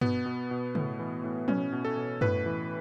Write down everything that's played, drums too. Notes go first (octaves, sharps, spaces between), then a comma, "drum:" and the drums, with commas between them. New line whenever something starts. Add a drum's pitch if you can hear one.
B2 B3, drum: tom G2
B2
B2
A2, drum: tom C#3
E3
A2
B2 C#4, drum: tom F3
B2
A4
B2
A2 B4, drum: tom F#2
E3